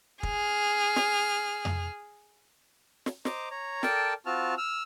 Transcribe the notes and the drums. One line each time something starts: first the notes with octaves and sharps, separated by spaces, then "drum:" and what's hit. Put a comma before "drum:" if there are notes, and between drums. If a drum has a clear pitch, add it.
G#4 F6, drum: kick
drum: snare
drum: tom F2
drum: snare
C5 D#5 A#5 D6, drum: snare
C#5 A#5
A4 A#4 D5 G5 A5, drum: snare
C4 F4 F#4 A5 F6
E6 F6